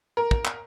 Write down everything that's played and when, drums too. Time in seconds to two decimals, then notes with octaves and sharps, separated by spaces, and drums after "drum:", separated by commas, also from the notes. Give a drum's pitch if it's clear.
0.17 A#4
0.31 drum: kick
0.45 drum: clap